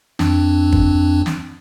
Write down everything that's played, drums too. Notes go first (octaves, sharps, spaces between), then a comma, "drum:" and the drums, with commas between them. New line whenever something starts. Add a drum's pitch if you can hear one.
F2 C4 D4, drum: snare
drum: kick
drum: snare